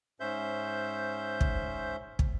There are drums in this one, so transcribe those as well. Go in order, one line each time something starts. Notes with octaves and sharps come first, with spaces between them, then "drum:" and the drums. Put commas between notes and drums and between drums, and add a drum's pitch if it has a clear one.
G#2 C#4 C5 E5 G6
drum: kick
drum: kick